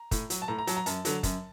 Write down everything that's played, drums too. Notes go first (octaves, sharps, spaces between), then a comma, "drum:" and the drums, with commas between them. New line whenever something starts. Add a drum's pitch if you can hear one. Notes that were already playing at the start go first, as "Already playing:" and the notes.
Already playing: A#5
A2, drum: kick, hi-hat
F#3, drum: hi-hat
A5
A2 A#5
A#5
F#3 A5, drum: hi-hat
A#5
F#2 A5, drum: hi-hat
D3 F#3, drum: hi-hat
F#2, drum: kick, hi-hat